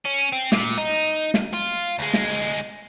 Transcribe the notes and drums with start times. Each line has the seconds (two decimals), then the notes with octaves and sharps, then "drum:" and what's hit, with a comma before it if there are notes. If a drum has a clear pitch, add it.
0.06 C#4
0.33 C4
0.52 A#2, drum: snare
0.78 D#4
1.34 drum: snare
1.54 F4
1.99 D2 G#3
2.14 drum: snare